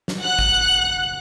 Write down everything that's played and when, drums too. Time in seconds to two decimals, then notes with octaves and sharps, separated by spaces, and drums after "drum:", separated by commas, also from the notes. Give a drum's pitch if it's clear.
0.08 drum: snare
0.19 F#5 F#6
0.39 drum: kick G#1